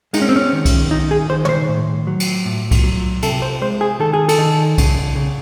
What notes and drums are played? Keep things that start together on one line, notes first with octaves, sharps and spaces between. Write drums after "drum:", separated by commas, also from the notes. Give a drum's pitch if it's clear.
G#3 D#4, drum: cymbal
C#4
C4
C#4
D#3
drum: kick B1, cymbal
D#3 D#4
G#4
D#3 C5
C#5, drum: tom
C5
A2
F#3
drum: cymbal
A2
drum: kick B1, cymbal
F#3
C3 A4, drum: cymbal
C5
G#3 C5
G#4
D#3 A4
G#4
A4, drum: cymbal
D#3
C#3, drum: kick B1, cymbal
C#3